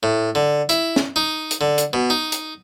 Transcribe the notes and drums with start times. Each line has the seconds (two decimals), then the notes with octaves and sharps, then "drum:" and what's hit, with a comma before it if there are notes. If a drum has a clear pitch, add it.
0.03 A2
0.35 D3
0.69 E4, drum: hi-hat
0.96 drum: snare
1.16 D#4
1.51 drum: hi-hat
1.61 D3
1.78 drum: hi-hat
1.93 B2
2.10 D#4
2.32 drum: hi-hat